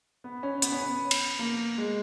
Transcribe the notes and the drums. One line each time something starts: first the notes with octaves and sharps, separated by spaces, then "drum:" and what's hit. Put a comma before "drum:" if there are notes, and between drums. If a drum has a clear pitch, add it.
B3
C#4
B3, drum: hi-hat
C#4
B3
drum: cymbal
A#3
G#3